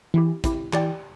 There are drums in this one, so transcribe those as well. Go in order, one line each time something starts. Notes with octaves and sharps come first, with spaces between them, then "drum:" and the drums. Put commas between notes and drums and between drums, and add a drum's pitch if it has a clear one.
E3 C4 E4 G4
C4 E4 G4, drum: kick, hi-hat
E3 G4 D5 G5, drum: clap